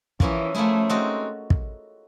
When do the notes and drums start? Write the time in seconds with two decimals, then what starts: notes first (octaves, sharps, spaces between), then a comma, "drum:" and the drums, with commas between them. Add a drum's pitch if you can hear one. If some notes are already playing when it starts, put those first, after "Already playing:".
0.20 E3 F3 A#3 C#4 E4 G#4, drum: kick
0.55 F3 A3 A#3 C#4 E4 G#4
0.89 G#3 C4 D#4 F#4 A4
1.50 drum: kick